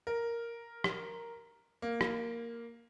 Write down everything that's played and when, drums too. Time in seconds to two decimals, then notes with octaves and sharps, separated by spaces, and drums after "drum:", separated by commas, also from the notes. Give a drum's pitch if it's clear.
0.07 A#4
0.84 drum: rim click
1.82 A#3
2.01 drum: rim click